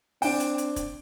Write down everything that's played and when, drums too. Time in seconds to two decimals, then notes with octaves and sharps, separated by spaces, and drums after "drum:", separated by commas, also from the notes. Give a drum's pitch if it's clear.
0.22 C4 D4 G5 D7, drum: open hi-hat
0.40 drum: hi-hat
0.58 drum: hi-hat
0.76 drum: kick, hi-hat